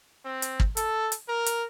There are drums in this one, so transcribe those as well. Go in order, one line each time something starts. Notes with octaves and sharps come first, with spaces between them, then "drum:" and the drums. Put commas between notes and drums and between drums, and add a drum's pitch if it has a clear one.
C4
drum: hi-hat
drum: kick
A4, drum: hi-hat
drum: hi-hat
A#4
drum: hi-hat